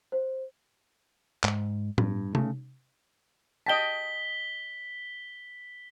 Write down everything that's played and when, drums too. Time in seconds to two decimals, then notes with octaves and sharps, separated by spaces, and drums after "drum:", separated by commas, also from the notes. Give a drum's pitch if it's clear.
0.12 C5
1.44 G#2, drum: clap
1.98 G2, drum: tom A2
2.35 C#3 A3, drum: tom C3
3.66 D#5 G5 A5 B6 G7